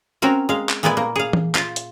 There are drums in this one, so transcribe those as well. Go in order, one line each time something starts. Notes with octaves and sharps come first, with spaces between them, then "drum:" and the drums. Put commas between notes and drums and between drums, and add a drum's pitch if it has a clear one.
C4 C#4 F#4 A#4
G#3 F5
drum: clap
A#2 G#3 B3 E4 D5 G#5
A#3
G#4 F5
drum: tom E3
F4, drum: clap
drum: hi-hat